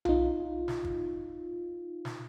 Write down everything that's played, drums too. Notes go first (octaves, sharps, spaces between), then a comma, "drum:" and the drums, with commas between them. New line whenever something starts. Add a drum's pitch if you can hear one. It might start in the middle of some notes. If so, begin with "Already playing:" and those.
D#4 F4, drum: tom B1
drum: snare
drum: kick
drum: snare